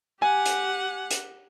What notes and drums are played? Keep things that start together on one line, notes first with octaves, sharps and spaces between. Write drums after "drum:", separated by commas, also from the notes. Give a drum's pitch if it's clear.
G4 F#5 G#5
drum: hi-hat
drum: hi-hat